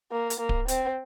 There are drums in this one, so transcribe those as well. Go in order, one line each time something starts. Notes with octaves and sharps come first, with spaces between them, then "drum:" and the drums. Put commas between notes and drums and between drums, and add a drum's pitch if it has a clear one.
A#3
drum: hi-hat
A#3
drum: kick D1
C4, drum: hi-hat